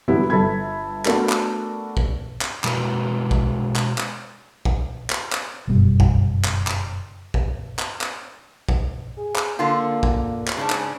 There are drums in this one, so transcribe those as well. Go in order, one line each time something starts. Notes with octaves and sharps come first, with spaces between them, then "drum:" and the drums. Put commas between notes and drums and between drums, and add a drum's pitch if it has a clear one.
D3 E3 F#3 G3 B3 E4
G1 A4 B5 G#6
A3 B3 D4 F#4 A4 A#4, drum: clap
drum: clap
drum: kick
drum: clap
B2 G#3 F#4 A#4 B4, drum: clap
drum: kick
drum: clap
drum: clap
drum: kick
drum: clap
drum: clap
F#1 G2 B2 G3
drum: kick
drum: clap
drum: clap
drum: kick
drum: clap
drum: clap
drum: kick
G#4
drum: clap
D3 A#3 F4
drum: kick
drum: clap
G#2 C#3 C#4 D4
drum: clap